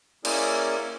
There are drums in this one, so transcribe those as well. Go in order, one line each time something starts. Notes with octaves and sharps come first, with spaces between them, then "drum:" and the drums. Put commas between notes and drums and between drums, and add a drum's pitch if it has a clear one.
A#3 C#4 E4 G#4 A#4 D5, drum: cymbal